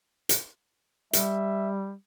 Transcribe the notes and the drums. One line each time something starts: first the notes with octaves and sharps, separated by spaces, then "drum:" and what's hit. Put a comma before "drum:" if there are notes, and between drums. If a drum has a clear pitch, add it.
drum: hi-hat
G3 E5, drum: hi-hat